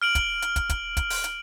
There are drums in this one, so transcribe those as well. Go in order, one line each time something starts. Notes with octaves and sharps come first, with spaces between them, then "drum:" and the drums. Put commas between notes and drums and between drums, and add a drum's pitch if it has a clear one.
F6 D7 F#7
drum: kick, hi-hat
drum: hi-hat
drum: kick, hi-hat
drum: kick, hi-hat
drum: kick, hi-hat
drum: open hi-hat
drum: hi-hat